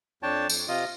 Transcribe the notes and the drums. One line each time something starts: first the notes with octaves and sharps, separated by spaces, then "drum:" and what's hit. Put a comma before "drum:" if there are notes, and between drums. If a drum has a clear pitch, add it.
F2 D4 C#5 G5 A5
F2, drum: tambourine
C3 F4 D#5